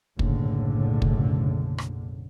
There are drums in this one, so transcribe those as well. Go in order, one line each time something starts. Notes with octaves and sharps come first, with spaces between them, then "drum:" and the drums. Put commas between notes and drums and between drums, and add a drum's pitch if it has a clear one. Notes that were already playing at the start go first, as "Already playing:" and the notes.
F#1 B1 A2 D3, drum: kick
drum: kick
drum: rim click